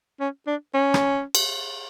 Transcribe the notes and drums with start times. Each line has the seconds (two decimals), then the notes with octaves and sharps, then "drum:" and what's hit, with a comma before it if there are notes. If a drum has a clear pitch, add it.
0.20 C#4
0.47 D4
0.74 C#4
0.94 drum: rim click
1.35 drum: cymbal